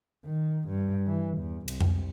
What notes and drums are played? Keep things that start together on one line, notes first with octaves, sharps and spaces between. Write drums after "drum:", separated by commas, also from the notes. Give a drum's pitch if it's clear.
D#3
G2
E3
E2
C2, drum: cymbal
drum: tom F2